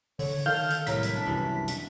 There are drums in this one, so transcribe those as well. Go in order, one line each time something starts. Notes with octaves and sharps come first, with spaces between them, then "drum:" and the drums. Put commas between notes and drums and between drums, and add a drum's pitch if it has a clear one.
D3 C#5, drum: open hi-hat
D#3 A4 F5 F6 G6
drum: hi-hat
C2 A2 F#3 A#4 B6, drum: hi-hat
drum: hi-hat
D4
C2 F#2 E3
drum: hi-hat